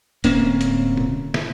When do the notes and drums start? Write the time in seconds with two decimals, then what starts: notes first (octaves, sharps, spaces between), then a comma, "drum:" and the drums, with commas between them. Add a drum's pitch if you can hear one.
0.24 D1 A#3 C4 C#4, drum: hi-hat
0.61 drum: hi-hat
0.97 drum: tom B2
1.34 drum: snare